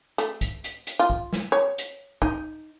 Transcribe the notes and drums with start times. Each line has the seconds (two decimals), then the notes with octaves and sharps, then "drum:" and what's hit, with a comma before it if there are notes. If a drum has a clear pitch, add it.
0.18 A3, drum: hi-hat
0.41 drum: kick, hi-hat
0.64 drum: hi-hat
0.87 drum: hi-hat
0.99 F4
1.10 drum: kick
1.33 drum: snare
1.52 C#5
1.78 drum: hi-hat
2.22 D#4, drum: kick